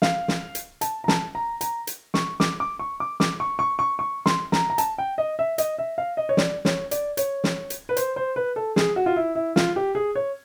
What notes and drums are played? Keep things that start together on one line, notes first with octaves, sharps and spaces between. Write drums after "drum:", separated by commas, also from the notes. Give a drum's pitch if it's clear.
F5, drum: snare
drum: snare
drum: hi-hat
A5, drum: hi-hat
A#5
A5, drum: snare
A#5
A#5, drum: hi-hat
drum: hi-hat
C#6, drum: snare
D6, drum: snare
D6
C#6
D6
D6, drum: snare
C#6
C#6
C#6
C#6
C6, drum: snare
A#5, drum: snare
A#5
A5, drum: hi-hat
G5
D#5
E5
D#5, drum: hi-hat
E5
F5
D#5
C#5
D5, drum: snare
C#5, drum: snare
D5, drum: hi-hat
C#5, drum: hi-hat
drum: snare
drum: hi-hat
B4
C5, drum: hi-hat
C5
B4
A4
G#4, drum: snare
F#4
F4
E4
E4
F4, drum: snare
G4
G#4
C#5